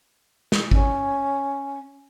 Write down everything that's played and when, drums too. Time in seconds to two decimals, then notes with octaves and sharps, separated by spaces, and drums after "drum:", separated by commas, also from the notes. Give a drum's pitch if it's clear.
0.52 drum: snare
0.71 C#4, drum: kick